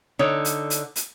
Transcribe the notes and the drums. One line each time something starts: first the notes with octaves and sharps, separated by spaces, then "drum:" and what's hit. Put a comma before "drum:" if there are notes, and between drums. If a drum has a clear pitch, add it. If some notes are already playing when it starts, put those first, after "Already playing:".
D3 D#4 C#5
drum: hi-hat
drum: hi-hat
drum: hi-hat